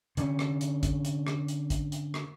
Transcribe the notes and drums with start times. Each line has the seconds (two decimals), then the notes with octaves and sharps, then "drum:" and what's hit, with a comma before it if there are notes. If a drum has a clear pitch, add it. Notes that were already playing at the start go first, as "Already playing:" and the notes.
0.17 D3 C4 C#4, drum: hi-hat
0.39 drum: rim click
0.61 drum: hi-hat
0.83 drum: kick A1, hi-hat
1.05 drum: hi-hat
1.27 drum: rim click
1.48 drum: hi-hat
1.70 drum: kick A1, hi-hat
1.92 drum: hi-hat
2.14 drum: rim click